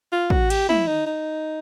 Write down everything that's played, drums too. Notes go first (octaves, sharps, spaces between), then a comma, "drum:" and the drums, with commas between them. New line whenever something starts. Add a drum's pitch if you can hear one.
F4
F#4, drum: kick
G4, drum: cymbal
E4, drum: tom
D#4
D#4